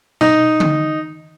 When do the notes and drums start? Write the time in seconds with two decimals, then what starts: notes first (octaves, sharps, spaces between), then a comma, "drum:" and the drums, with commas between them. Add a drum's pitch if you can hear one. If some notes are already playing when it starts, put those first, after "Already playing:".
0.21 D#4, drum: tom B2
0.60 drum: tom D3